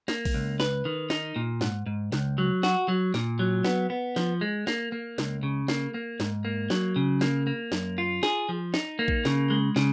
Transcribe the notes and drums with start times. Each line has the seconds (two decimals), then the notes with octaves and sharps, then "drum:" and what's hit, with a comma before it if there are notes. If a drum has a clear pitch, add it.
0.08 A#3, drum: snare
0.25 drum: kick A#1, open hi-hat
0.34 C#2
0.60 B4, drum: snare
0.85 D#3
1.10 D#4, drum: snare
1.36 A#2
1.61 G#2, drum: snare
1.86 G#2
2.12 C#2, drum: snare
2.38 F#3
2.63 F#4, drum: snare
2.88 F#3
3.14 A#2, drum: snare
3.39 F#3
3.64 B3, drum: snare
3.90 B3
4.16 F3, drum: snare
4.41 G#3
4.67 A#3, drum: snare
4.92 A#3
5.18 C#2, drum: snare
5.43 C#3
5.68 A#3, drum: snare
5.94 A#3
6.20 G#2, drum: snare
6.45 A#3
6.70 F#3, drum: snare
6.96 C#3
7.21 A#3, drum: snare
7.47 A#3
7.72 F#2, drum: snare
7.98 F4
8.23 G#4, drum: snare
8.49 F3
8.74 D#4, drum: snare
8.99 A#3
9.08 drum: kick A#1
9.25 C#3, drum: snare
9.50 G#3
9.76 C#3, drum: snare